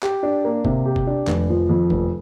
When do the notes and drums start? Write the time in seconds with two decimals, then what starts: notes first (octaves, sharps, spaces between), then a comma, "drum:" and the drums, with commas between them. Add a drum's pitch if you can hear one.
0.03 G4, drum: clap
0.23 D4
0.44 A#3
0.65 C3, drum: kick G1
0.85 G4
0.96 drum: kick G1
1.07 D4
1.27 F1, drum: clap
1.49 F3
1.69 F2
1.90 F1, drum: kick G1